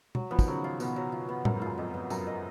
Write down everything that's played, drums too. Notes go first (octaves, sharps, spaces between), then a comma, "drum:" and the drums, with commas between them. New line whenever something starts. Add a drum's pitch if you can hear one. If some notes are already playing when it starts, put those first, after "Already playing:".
F#3, drum: tom B2
F3 B3
D#3, drum: kick, tambourine
C#3 F#3
F4
B2 B3, drum: tambourine
F#3
F4
B3
F#2 A#4, drum: tom A2
G#2
F#2 F4
F2 D#5
B3
F#2 A#4, drum: tambourine
D#5